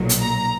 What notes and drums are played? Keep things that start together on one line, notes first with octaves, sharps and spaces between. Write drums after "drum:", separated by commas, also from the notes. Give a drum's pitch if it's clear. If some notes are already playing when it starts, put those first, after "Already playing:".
Already playing: B1 A#2 F#3
drum: hi-hat
A#5